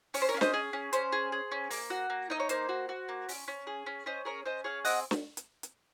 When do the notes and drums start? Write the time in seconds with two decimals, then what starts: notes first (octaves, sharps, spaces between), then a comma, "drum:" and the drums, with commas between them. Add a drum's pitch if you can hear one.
0.14 C#4 C#5, drum: open hi-hat
0.22 C5
0.29 A#4 C#5
0.34 C#4 F5
0.41 C5 D#5, drum: snare
0.54 G#4
0.73 C#4
0.93 C#4 C5, drum: hi-hat
1.12 G#4
1.32 G#4
1.52 C#4
1.71 A#3, drum: open hi-hat
1.90 F#4
2.10 A#3
2.30 D#4 D#5
2.40 C#5
2.49 A#3 C5, drum: hi-hat
2.69 F#4
2.89 F#4
3.09 A#3
3.29 C#4, drum: open hi-hat
3.48 C#4
3.67 G#4
3.86 C#4
4.06 C#4 C5 D#5
4.25 G#4 A#4 C#5
4.46 C#4 C5 D#5
4.64 G#4 C#5 F5
4.85 C4 D#5 F#5, drum: open hi-hat
5.11 drum: snare
5.37 drum: hi-hat
5.63 drum: hi-hat